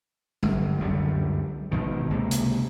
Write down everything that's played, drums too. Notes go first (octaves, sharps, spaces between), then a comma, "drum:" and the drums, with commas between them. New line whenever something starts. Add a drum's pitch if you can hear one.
G1, drum: tom F#3
C#2 F#2 D3 G3
G#1 B2 D#3
C#2 C3 A#3
drum: hi-hat